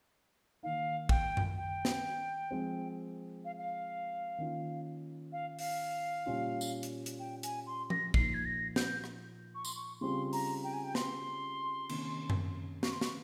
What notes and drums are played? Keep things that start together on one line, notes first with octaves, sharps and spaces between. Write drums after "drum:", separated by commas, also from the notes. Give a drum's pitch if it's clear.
D#3 A#3 D#4 F5
G5, drum: kick
drum: tom F#2
G5
drum: snare
F3 G#3 C4
F5
F5
D#3 A#3 C#4 F4
F5
F5, drum: open hi-hat
A#2 G3 C#4 F4
drum: tambourine
drum: hi-hat
drum: hi-hat
G5
G#5, drum: hi-hat
C6
A#6, drum: tom F3
A#2 F3 A#3 D#4 C7, drum: kick
G#6
A#6
G6, drum: snare
drum: rim click
C#6
C6, drum: tambourine
C#6
C#3 G3 C4 F4 C6
A#5, drum: open hi-hat
G5
G#5
G5
C6, drum: snare
C3 D#3 A#3 C#4, drum: cymbal
drum: tom F#2
C#6, drum: snare
C6
C#6, drum: snare